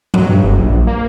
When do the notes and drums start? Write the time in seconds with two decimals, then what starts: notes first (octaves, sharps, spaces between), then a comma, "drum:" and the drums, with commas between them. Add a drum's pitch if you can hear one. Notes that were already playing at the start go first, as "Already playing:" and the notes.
0.14 F#3, drum: tom F#2
0.29 G2
0.44 F#1
0.59 A#1
0.87 A#3